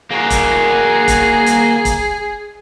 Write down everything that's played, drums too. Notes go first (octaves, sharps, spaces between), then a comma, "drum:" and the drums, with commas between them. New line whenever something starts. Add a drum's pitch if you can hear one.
A#3 F#4 G#4
drum: kick E1, hi-hat
drum: kick E1, hi-hat
drum: hi-hat
drum: kick E1, hi-hat